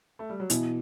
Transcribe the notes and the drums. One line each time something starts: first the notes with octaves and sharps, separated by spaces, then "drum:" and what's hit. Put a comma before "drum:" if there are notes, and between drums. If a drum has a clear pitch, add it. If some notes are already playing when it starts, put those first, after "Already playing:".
A3
G3
F#3
B2 E3, drum: hi-hat